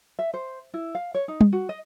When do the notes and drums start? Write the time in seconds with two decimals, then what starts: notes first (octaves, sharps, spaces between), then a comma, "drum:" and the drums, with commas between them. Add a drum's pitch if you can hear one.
0.19 E5
0.34 C5
0.74 E4
0.95 F5
1.15 C#5
1.28 D#4
1.41 drum: tom G3
1.52 F#4
1.69 D#5